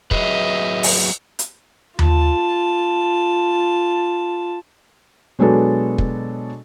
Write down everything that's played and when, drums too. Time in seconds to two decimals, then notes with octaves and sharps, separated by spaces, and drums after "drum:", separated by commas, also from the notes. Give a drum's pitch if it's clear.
0.11 F#3 G#4 B4 D#5 E5, drum: kick
0.83 drum: open hi-hat
1.39 drum: hi-hat
1.99 F4 A5, drum: tom D#2
5.39 B2 F#3 G#3 D4 A4 B4
5.98 drum: kick